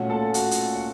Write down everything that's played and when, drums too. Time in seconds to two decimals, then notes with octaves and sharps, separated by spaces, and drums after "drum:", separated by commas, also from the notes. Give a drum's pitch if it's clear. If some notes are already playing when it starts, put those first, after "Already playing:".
Already playing: A#2 A3 C#4 F#4 F#5
0.10 A4 A5
0.34 F#4 F#5, drum: hi-hat
0.51 drum: hi-hat
0.76 F#5